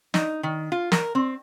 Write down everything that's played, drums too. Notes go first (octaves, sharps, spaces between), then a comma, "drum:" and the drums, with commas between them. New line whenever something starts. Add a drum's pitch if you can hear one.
D#4, drum: snare
D#3
F4
A#4, drum: snare
C4